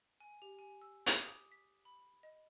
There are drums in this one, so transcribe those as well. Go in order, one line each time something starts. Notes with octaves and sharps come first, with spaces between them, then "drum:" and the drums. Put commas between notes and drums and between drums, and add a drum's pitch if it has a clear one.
G#5
G4
G#5
E6
D6, drum: hi-hat
D#6
B6
B5
D#5